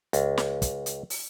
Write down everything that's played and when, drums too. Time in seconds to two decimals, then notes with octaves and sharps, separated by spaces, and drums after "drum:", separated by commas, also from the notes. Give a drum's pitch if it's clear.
0.13 C#2, drum: hi-hat
0.38 drum: snare
0.62 drum: kick, hi-hat
0.86 drum: hi-hat
1.10 drum: open hi-hat